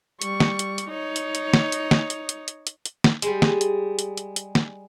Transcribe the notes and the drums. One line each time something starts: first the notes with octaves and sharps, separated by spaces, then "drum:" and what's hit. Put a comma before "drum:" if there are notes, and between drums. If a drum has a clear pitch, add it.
G3 C#6, drum: hi-hat
drum: snare
drum: hi-hat
drum: hi-hat
D#4 C#5
drum: hi-hat
drum: hi-hat
drum: snare
drum: hi-hat
drum: snare
drum: hi-hat
drum: hi-hat
drum: hi-hat
drum: hi-hat
drum: hi-hat
drum: snare
G3 G#3, drum: hi-hat
drum: snare
drum: hi-hat
drum: hi-hat
drum: hi-hat
drum: hi-hat
drum: snare